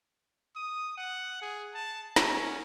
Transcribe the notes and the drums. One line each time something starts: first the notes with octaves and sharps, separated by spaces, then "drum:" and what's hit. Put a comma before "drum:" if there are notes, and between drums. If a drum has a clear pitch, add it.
D#6
F#5
G#4
A5
C#4, drum: snare